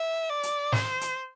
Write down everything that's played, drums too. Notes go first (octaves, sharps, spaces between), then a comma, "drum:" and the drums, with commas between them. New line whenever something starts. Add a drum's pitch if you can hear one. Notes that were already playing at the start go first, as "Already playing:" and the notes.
Already playing: E5
D5
drum: hi-hat
C5, drum: snare
drum: hi-hat